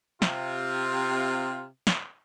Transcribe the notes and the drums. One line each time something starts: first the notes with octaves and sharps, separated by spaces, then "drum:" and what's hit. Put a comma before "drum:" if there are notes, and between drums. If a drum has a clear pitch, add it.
C3 F4, drum: snare
drum: snare